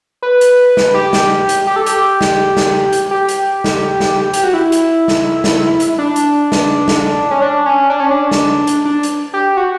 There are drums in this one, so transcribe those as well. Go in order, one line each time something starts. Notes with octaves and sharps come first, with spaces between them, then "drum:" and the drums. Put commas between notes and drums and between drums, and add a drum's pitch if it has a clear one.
B4
drum: hi-hat
drum: snare
G4
drum: snare
drum: hi-hat
G4
A4
G4, drum: hi-hat
drum: snare
drum: snare
drum: hi-hat
G4
drum: hi-hat
drum: snare
drum: snare
G4, drum: hi-hat
F#4
E4
drum: hi-hat
drum: snare
drum: snare
drum: hi-hat
D4
drum: hi-hat
drum: snare
drum: snare
C#4
D4
C#4
D4
C#4
D4
drum: snare
drum: hi-hat
D4
drum: hi-hat
G4
F#4